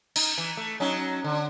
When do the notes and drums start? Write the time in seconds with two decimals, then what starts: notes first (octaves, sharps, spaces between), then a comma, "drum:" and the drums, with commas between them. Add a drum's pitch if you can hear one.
0.16 D#4, drum: cymbal
0.38 E3
0.57 A3
0.80 F#3 C#4 D#4
1.24 D3